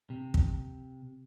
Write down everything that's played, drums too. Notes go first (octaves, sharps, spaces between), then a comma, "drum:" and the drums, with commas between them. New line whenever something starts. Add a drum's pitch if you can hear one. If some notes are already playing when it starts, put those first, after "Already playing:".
C3
drum: kick